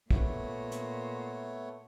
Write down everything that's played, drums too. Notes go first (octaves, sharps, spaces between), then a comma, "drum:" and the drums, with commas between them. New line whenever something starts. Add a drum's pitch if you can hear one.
A#2 A3 B3 C#5, drum: kick
drum: hi-hat